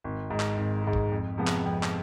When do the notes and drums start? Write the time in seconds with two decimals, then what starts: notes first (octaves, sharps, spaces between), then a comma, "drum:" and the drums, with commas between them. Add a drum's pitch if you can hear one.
0.04 G#1
0.30 G#2 G#3
0.40 drum: clap
0.57 G#1
0.84 G#2 G#3
0.93 drum: kick
1.12 F2
1.38 C3 F3 G#3 B3
1.47 drum: clap
1.66 F2
1.83 drum: clap